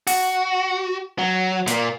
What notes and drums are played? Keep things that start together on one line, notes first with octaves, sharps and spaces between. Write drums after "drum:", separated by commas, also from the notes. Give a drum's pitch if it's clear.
F#4, drum: open hi-hat
F#3
A#2 A#3, drum: hi-hat